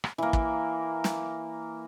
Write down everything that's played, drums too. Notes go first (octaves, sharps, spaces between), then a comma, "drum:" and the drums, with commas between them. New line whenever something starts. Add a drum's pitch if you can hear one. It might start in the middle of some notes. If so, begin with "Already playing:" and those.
drum: rim click
E3 A#3
drum: kick
drum: snare